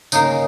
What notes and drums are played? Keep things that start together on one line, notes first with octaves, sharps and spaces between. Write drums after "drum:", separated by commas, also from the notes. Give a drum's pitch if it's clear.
C#3 A#3 D#4, drum: tambourine